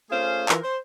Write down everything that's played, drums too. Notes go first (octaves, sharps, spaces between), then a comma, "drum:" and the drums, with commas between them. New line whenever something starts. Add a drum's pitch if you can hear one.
A3 C#4 F4 G#4 C5 F5
E3 F4 A#4, drum: clap
C5